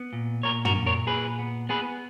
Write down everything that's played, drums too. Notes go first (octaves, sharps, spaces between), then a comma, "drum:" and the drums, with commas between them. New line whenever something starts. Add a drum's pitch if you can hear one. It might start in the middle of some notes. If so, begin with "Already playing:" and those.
Already playing: B3
A#2
A#2 A#4 C#5
F#4 A#4, drum: tom
A#2
A#4 C#5
A#2 G#4 B4
B3
B3 G#4 B4